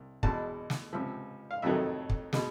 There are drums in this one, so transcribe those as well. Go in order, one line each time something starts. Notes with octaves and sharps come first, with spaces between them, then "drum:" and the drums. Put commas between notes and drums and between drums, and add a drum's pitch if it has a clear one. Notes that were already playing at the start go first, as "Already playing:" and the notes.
Already playing: C2
E2 B2 G#3 A5, drum: kick
drum: snare
C#2 C3 F3 E5
F5
F2 C3 D#3 F#3 A3 E5
drum: kick
B2 G#3, drum: snare